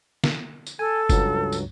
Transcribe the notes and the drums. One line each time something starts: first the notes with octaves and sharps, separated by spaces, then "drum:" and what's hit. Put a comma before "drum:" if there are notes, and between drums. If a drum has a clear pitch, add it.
drum: snare
drum: tambourine
A4 G#5
C#2 G2 F#3, drum: kick F#1, tambourine
drum: tambourine